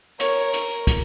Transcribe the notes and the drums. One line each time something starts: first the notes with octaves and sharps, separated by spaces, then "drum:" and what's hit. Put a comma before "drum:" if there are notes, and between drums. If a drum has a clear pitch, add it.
A#4 C#5, drum: hi-hat
drum: hi-hat
drum: kick, hi-hat